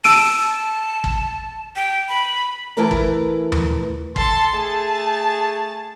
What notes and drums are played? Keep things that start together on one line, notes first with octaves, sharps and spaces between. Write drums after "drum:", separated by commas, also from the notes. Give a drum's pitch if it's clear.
A5 E6 D7 D#7, drum: open hi-hat
A5
drum: kick
G5
B5
E3 A3 E4 A#4 B4 A#5
drum: kick
drum: tom D#2
A4 A5 C6, drum: kick
A3 G#4 A5